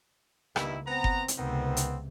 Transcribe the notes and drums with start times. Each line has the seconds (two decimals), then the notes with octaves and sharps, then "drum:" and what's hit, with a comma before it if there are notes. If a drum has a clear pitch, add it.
0.56 C#2 G2 D#3 A#3 E4, drum: rim click
0.87 B3 C4 A#5
1.04 drum: kick F#1
1.28 drum: hi-hat
1.38 C#2 C3 D#3 B3 C4
1.77 drum: hi-hat